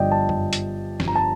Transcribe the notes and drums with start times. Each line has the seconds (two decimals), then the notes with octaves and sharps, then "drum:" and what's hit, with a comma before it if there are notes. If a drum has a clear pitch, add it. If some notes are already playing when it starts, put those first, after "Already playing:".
Already playing: G1 G2 D3 F3 D5 D#5 G5
0.12 A5
0.29 drum: tom F#2
0.53 drum: hi-hat
1.00 G1 G2 F3, drum: snare
1.08 A#5
1.15 A5